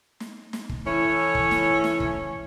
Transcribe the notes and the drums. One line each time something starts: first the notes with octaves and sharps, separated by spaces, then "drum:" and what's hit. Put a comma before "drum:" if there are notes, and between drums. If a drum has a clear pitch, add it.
drum: snare
drum: snare
drum: kick
E3 C#4 E4 A4 C#5
drum: kick
drum: snare
drum: snare
drum: kick